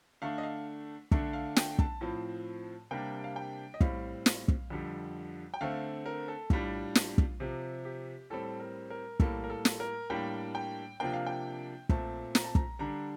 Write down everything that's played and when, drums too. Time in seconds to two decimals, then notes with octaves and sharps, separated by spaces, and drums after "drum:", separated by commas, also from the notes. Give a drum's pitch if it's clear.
0.22 D3 A3 D4 F5
0.38 D#5
0.43 F5
1.11 D3 A3 D4, drum: kick
1.33 F5
1.56 G5, drum: snare
1.79 A5, drum: kick
2.01 A2 F3 C4
2.91 C3 G3 A#3 D4 G5
3.24 F5
3.36 G5
3.74 D#5
3.81 A2 G3 C4 F5, drum: kick
4.26 drum: snare
4.48 drum: kick
4.70 F2 D3 G3
5.54 G5
5.61 D3 A3 C4 F5
6.06 A#4
6.28 A4
6.50 A2 G3 D4 F4, drum: kick
6.95 drum: snare
7.18 drum: kick
7.40 C3 F3 C4 G4
7.85 G4
8.30 A2 G3 C4 A4
8.60 A#4
8.90 A#4
9.20 A2 G3 A#3 A4, drum: kick
9.44 A#4
9.50 A4
9.65 drum: snare
9.80 A#4
10.10 A2 G3 A#3 D4 G5
10.55 G5
11.00 C3 F3 A#3 D4 G5
11.14 F5
11.26 G5
11.89 A#2 A3 C4 A5, drum: kick
12.35 A#5, drum: snare
12.44 A5
12.55 A#5, drum: kick
12.79 D3 G3 D4 A#5